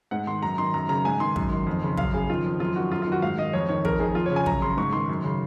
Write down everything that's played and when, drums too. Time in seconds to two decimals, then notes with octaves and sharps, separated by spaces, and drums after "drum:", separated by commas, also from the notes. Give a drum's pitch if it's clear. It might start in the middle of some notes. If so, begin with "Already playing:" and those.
0.11 G#2 F#5
0.27 D#3 C6
0.43 F#2 A#5
0.58 D#3 C6
0.74 F#2 A#5
0.89 C#3 A#5
1.05 G#2 G#5
1.20 D#3 C6
1.36 F#2, drum: kick
1.51 D#3
1.67 F2
1.83 C#3
1.97 F#2 F5, drum: kick
2.13 C#3 G#4
2.30 D#3 F4
2.44 F2
2.60 F#2 F4
2.76 D#3 F#4
2.91 F#2 F4
3.02 F4
3.07 D#3 F#4
3.22 G#2 F5
3.38 D#3 D#5
3.53 F2 C#5
3.69 D#3 C#5
3.85 F2 A#4, drum: kick
3.99 D#3 G#4
4.15 F2 F4
4.26 C#5
4.30 C#3
4.36 G#5
4.46 F#2 A#5, drum: kick
4.62 C#3 C6
4.77 G#2 C#6
4.93 D#3 C6
5.09 F#2
5.24 C#3